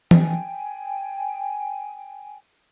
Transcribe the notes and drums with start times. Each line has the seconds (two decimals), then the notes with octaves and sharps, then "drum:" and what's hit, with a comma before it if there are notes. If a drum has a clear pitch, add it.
0.11 G5 G#5, drum: tom E3